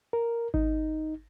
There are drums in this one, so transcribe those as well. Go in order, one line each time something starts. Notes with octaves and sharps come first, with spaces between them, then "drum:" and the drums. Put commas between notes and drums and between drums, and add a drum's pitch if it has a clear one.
A#4
D#4, drum: kick G#1